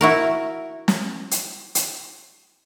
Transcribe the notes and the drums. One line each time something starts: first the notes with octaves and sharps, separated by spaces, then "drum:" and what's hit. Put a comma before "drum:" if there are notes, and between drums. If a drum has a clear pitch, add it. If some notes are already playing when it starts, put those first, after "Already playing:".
E4 F#4 A#4
drum: snare
drum: hi-hat
drum: hi-hat